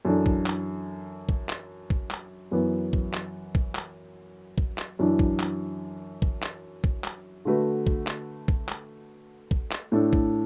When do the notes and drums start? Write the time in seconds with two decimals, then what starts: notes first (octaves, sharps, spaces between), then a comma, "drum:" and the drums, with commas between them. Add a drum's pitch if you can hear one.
0.05 F#2 E3 D4 A4
0.26 drum: kick
0.46 drum: clap
1.29 drum: kick
1.49 drum: clap
1.90 drum: kick
2.11 drum: clap
2.51 F#2 E3 B3
2.93 drum: kick
3.14 drum: clap
3.55 drum: kick
3.75 drum: clap
4.58 drum: kick
4.78 drum: clap
4.99 F#2 E3 D4
5.19 drum: kick
5.40 drum: clap
6.22 drum: kick
6.43 drum: clap
6.84 drum: kick
7.04 drum: clap
7.45 D3 A3 F#4 B4
7.87 drum: kick
8.07 drum: clap
8.48 drum: kick
8.69 drum: clap
9.51 drum: kick
9.72 drum: clap
9.92 A2 A3 D4 A4
10.13 drum: kick